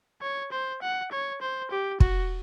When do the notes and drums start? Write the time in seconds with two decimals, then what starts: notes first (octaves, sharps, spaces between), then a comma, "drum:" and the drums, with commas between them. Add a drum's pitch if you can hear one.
0.22 C#5
0.52 C5
0.82 F#5
1.11 C#5
1.41 C5
1.71 G4
2.00 F#4, drum: kick